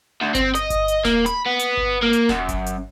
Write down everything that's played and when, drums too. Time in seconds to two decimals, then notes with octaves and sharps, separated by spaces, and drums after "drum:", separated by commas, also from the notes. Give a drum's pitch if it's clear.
0.22 D2
0.35 C4, drum: kick G1, hi-hat
0.55 D#5, drum: hi-hat
0.70 drum: kick G1, hi-hat
0.88 drum: hi-hat
1.05 A#3, drum: snare D#1
1.26 B5, drum: hi-hat
1.46 B3
1.59 drum: hi-hat
1.77 drum: kick G1
2.02 A#3
2.13 drum: hi-hat
2.29 F#2, drum: snare D#1
2.49 drum: kick G1, hi-hat
2.66 drum: hi-hat